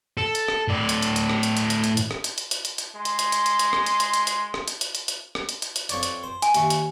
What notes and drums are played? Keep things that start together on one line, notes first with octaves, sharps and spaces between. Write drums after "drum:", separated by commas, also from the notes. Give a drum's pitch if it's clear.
A4
drum: hi-hat
drum: rim click
A2 D5
drum: hi-hat
drum: hi-hat
drum: hi-hat
drum: rim click
drum: hi-hat
drum: hi-hat
drum: hi-hat
drum: hi-hat
drum: hi-hat
drum: rim click
drum: hi-hat
drum: hi-hat
drum: hi-hat
drum: hi-hat
drum: hi-hat
G#3 C6
drum: hi-hat
drum: hi-hat
drum: hi-hat
drum: hi-hat
drum: hi-hat
drum: rim click
drum: hi-hat
drum: hi-hat
drum: hi-hat
drum: hi-hat
drum: rim click
drum: hi-hat
drum: hi-hat
drum: hi-hat
drum: hi-hat
drum: rim click
drum: hi-hat
drum: hi-hat
drum: hi-hat
F2 C#5 D5, drum: hi-hat
drum: hi-hat
C5
G#5, drum: hi-hat
D#2 E4 C#6, drum: hi-hat
drum: hi-hat